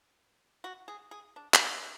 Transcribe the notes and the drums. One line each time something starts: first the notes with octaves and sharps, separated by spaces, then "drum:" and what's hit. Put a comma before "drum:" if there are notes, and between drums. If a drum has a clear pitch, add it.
F#4
G#4
G#4
D4
drum: clap
C#4